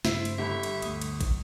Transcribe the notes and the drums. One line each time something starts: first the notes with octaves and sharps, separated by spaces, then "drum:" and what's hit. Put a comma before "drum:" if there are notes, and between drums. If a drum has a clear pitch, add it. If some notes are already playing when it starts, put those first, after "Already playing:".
G2 C#3 A3 E4 C5, drum: snare
drum: cymbal
G1 G4 E5 B5
drum: cymbal
D2 A3 D#6, drum: cymbal
drum: cymbal
drum: kick, cymbal